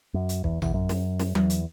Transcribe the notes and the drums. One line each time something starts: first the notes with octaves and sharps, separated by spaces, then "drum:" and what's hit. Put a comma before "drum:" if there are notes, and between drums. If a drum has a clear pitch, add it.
F#2
drum: hi-hat
E2, drum: kick B1
E2, drum: tom A1
F#2
drum: snare
drum: snare
E2, drum: tom F#3
drum: hi-hat